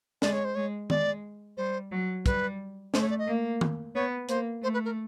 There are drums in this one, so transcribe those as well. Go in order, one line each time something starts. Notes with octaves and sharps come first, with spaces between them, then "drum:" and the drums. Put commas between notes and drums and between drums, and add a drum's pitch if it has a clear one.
G#3 D5, drum: snare
C#5
C5
G#3 C#5
G#3 D5, drum: tom D#3
G3 C5
F#3
G3 B4, drum: kick, hi-hat
A3 C5, drum: snare
C#5
D5
D#5
A#3
drum: tom D#3
B3 C#5
A#3 C5, drum: hi-hat
A3 C5
B4
A#4